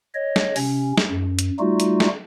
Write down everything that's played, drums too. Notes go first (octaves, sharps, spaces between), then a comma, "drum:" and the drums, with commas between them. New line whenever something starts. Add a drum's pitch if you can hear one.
C#5 D#5
drum: snare
C3 C#4, drum: open hi-hat
drum: snare
F#2
drum: hi-hat
G3 A3 D#4 F4 F#4
drum: hi-hat
drum: snare